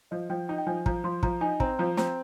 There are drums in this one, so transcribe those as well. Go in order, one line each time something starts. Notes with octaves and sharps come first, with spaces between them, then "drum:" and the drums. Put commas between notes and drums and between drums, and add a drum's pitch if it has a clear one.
F3 D#5
F3 G5
D#4 G5
G5
F3 G#5
F3 A#5, drum: kick
F3 C6
F3 A#5, drum: kick
D#4 G#5
C4 A#5, drum: kick
F3 A#5
C4 A#5, drum: snare